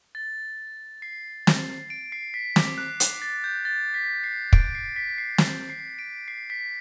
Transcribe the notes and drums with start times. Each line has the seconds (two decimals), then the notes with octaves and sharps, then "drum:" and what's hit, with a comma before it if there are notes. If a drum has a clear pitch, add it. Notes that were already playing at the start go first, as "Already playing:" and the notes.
0.15 A6
1.02 C7
1.47 drum: snare
1.90 D7
2.12 C7
2.34 B6
2.56 D6, drum: snare
2.78 F#6
3.00 C7, drum: hi-hat
3.22 A6
3.44 G6
3.65 A6
3.94 B6
4.24 C7
4.53 D7, drum: kick
4.75 C7
4.96 B6
5.18 C7
5.38 drum: snare
5.70 C7
5.99 D7
6.28 C7
6.50 B6